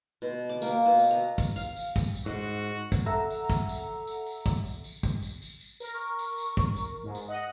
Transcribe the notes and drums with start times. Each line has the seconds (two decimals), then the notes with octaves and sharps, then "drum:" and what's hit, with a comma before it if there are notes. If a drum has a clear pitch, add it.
0.22 B2
0.49 D6
0.62 A#3, drum: tambourine
0.86 B2
1.00 drum: tambourine
1.11 A#5
1.38 drum: kick, tambourine
1.56 F5, drum: tambourine
1.77 drum: tambourine
1.96 drum: kick, tambourine
2.15 drum: tambourine
2.26 G#2 F#4
2.92 drum: kick, tambourine
3.06 A4 E5 F#5 A#5 E6
3.30 drum: tambourine
3.50 drum: kick, tambourine
3.69 drum: tambourine
4.07 drum: tambourine
4.26 drum: tambourine
4.46 drum: kick, tambourine
4.65 drum: tambourine
4.84 drum: tambourine
5.03 drum: kick, tambourine
5.23 drum: tambourine
5.42 drum: tambourine
5.61 drum: tambourine
5.80 A#4, drum: tambourine
5.95 C#6
6.19 drum: tambourine
6.38 drum: tambourine
6.57 drum: kick, tambourine
6.76 drum: tambourine
7.03 G#2
7.15 drum: tambourine
7.28 D#5 F#5